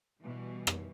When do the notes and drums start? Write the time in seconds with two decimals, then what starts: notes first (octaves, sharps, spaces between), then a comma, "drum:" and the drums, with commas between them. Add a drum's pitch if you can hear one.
0.20 B2 E3 G3
0.67 drum: rim click